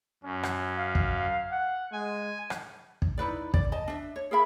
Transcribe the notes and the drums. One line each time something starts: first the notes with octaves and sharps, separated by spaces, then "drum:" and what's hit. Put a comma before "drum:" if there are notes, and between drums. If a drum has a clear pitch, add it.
F#2 C#4
drum: rim click
F5
drum: kick
F#5
G#3 G#5
drum: rim click
drum: kick
D#4 E4 B4 D5
D5, drum: kick
D#5 A5
D4 E5
C#5
G#4 A#4 E5 B5